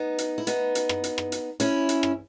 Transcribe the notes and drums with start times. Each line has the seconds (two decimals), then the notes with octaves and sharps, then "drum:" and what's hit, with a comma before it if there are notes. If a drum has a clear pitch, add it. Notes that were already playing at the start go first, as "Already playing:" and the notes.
Already playing: B3 D#4
0.18 drum: hi-hat
0.38 E4
0.47 B3 D#4, drum: hi-hat
0.75 drum: hi-hat
0.89 drum: rim click
1.04 drum: hi-hat
1.18 drum: rim click
1.32 drum: hi-hat
1.60 C#4 E4, drum: hi-hat
1.89 drum: hi-hat
2.03 drum: rim click